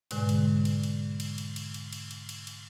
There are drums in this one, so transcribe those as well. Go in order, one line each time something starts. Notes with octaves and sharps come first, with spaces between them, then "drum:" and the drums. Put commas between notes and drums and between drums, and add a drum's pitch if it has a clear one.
G#2 B2 D3 G#3, drum: cymbal
drum: cymbal
drum: cymbal
drum: cymbal
drum: cymbal
drum: cymbal
drum: cymbal
drum: cymbal
drum: cymbal
drum: cymbal
drum: cymbal
drum: cymbal